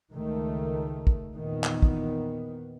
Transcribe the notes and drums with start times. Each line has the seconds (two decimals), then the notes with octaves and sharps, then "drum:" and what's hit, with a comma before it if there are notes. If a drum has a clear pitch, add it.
0.12 C#2 D#3 A3
1.07 drum: kick
1.36 E2 A#2 D#3 B3
1.64 drum: clap
1.82 drum: kick